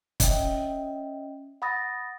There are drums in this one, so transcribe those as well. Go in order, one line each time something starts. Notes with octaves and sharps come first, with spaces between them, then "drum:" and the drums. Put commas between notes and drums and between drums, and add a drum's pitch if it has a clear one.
C#4 D#5 E5 G5, drum: kick, hi-hat
F#5 B5 D#6 A6 A#6